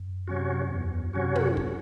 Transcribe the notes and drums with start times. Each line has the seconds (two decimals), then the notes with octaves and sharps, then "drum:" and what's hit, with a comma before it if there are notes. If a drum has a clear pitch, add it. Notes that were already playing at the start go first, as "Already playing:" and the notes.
Already playing: F#2
0.28 C3 F#3 C#4 F#4
0.71 E2
1.13 C3 F#3 C#4 F#4
1.35 drum: tom
1.57 drum: kick